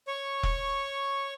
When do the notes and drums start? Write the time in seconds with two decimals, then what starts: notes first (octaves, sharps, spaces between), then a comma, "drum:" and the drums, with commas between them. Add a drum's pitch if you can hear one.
0.08 C#5 C#6
0.43 drum: kick E1